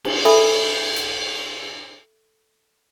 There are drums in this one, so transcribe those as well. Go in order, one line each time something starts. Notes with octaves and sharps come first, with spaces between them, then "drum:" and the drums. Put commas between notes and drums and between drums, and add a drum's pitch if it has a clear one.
drum: cymbal
A4 E5 G#5 B5, drum: cymbal
drum: hi-hat